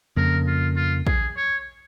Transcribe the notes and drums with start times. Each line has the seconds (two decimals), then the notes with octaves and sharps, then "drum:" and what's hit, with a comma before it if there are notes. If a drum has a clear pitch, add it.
0.16 F2 C#3 A#3 A#4
0.47 F4
0.76 F4
1.07 G#4, drum: kick
1.36 C#5